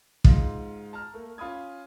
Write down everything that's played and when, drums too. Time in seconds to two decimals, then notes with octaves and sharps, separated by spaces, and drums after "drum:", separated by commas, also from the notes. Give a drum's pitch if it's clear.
0.24 G#2 F4 D#5, drum: kick
0.93 A5 A#5 F6
1.14 A3 A#3
1.38 C#4 F4 B5 D#6 G#6